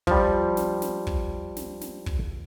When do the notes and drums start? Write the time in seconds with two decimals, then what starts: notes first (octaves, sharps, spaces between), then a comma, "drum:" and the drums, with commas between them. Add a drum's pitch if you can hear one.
0.07 F3 G3, drum: kick
0.57 drum: snare
0.82 drum: snare
1.07 drum: kick
1.56 drum: snare
1.81 drum: snare
2.06 drum: kick